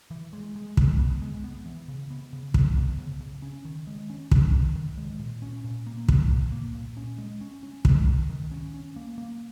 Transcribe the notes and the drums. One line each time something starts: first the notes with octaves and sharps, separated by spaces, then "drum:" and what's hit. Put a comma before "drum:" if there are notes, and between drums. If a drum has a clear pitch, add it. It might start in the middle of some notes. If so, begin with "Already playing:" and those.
E3
G#3
G#3
G#3, drum: kick
B3
G#3
B3
E3
C#3
B3
C#3
C#3, drum: kick
B3
C#3
C#3
C#4
D#3
G#3
C#4
C#4, drum: kick
D#3
D#3
G#3
A#2
C#4
A#2
A#3
A#2, drum: kick
A#2
A#3
A#2
C#4
G#3
C#4
C#4
G#3, drum: kick
D#3
D#3
C#4
C#4
A#3
A#3